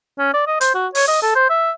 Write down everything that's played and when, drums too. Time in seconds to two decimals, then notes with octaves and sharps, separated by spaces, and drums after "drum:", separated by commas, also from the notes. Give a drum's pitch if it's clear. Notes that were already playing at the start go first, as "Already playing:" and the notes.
0.18 C#4
0.34 D5
0.47 D#5
0.61 C5, drum: hi-hat
0.75 F#4
0.95 C#5, drum: open hi-hat
1.08 D#5
1.22 A4
1.35 C5
1.50 E5